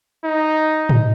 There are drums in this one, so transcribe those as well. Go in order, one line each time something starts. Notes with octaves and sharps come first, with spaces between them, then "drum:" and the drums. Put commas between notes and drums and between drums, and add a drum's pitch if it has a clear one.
D#4
drum: tom